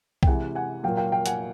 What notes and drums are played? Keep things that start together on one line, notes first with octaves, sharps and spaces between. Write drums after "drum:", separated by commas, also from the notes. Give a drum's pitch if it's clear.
G5, drum: kick B1
C3 E3 G#3 F#5 G#5
F#5 G#5
A#2 F#3 A#3 F5 G5
F5 G5
F5 G5
F#5 G#5, drum: hi-hat